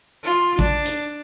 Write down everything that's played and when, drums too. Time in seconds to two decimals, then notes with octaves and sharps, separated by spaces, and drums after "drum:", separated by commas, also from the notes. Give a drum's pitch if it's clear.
0.23 F4
0.59 D4, drum: kick
0.85 drum: hi-hat